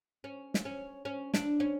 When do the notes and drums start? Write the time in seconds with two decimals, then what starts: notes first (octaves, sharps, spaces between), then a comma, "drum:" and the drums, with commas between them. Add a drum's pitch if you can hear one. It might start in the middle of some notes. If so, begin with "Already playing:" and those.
0.24 C#4
0.54 drum: snare
0.65 C#4
1.05 C#4
1.34 D4, drum: snare
1.60 C#4